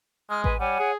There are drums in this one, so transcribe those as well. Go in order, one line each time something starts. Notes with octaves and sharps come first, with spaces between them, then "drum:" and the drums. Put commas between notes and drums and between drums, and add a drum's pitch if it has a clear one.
G#3 D#6 F6
B4 G#5, drum: kick A1
G3 C#5 F#5 G#5
G#4